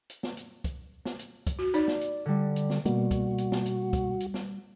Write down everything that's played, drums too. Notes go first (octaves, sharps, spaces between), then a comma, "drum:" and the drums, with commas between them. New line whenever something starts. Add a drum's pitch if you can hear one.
drum: hi-hat
drum: snare
drum: hi-hat
drum: kick, hi-hat
drum: snare
drum: hi-hat
drum: kick, hi-hat
F#4
D#4 D5, drum: hi-hat
drum: snare
drum: hi-hat
D3 G3
drum: hi-hat
drum: snare
B2 G3 A#3 F#4, drum: hi-hat
drum: kick, hi-hat
drum: hi-hat
drum: snare
drum: hi-hat
drum: kick, hi-hat
drum: hi-hat
drum: snare